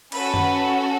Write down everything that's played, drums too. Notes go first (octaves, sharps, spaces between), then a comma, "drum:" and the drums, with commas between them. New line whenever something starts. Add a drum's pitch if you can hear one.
C#4 F#4 A4 B4, drum: cymbal
drum: tom F#2